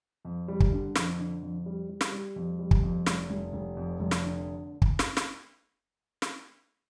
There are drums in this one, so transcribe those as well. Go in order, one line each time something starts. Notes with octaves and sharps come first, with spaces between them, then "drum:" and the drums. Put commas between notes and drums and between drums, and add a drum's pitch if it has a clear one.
F2
G3
drum: kick
D3
F2, drum: snare
D3
F2
G3
G3
drum: snare
G3
F2
G3
drum: kick
F2
F1, drum: snare
F1
F1
F2
F1
drum: snare
D3
drum: kick
drum: snare
drum: snare
drum: snare